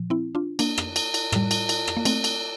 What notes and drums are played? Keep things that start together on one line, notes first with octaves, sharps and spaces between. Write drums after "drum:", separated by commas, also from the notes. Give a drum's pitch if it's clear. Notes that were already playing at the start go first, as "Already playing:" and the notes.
Already playing: A#2 F3
C4 E4
D4 F4
A#3 D4, drum: cymbal
drum: rim click
drum: cymbal
drum: cymbal
A2 G3, drum: rim click
drum: cymbal
drum: cymbal
drum: rim click
A#3
A3 C4, drum: cymbal
drum: cymbal